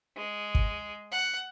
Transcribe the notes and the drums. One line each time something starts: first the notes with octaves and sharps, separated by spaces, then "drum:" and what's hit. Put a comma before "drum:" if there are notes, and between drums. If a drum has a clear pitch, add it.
G#3
drum: kick
F#5